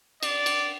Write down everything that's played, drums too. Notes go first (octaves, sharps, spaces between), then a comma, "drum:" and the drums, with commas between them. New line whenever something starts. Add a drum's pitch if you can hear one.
D5, drum: cymbal
drum: cymbal